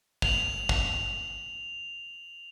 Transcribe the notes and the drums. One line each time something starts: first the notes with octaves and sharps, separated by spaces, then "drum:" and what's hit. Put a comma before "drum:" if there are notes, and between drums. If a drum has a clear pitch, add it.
F7 F#7, drum: kick
drum: kick